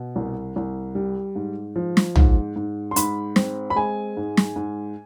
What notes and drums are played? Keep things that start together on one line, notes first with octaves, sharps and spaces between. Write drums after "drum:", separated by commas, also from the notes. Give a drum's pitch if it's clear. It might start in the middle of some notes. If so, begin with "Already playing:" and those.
Already playing: B2
C2
C2
G3
G#2
F3
drum: snare
G#2, drum: tom
G#2
C6
G#2 B5, drum: hi-hat
C4, drum: snare
B5
G#3 G#5
G#2
drum: snare
G#2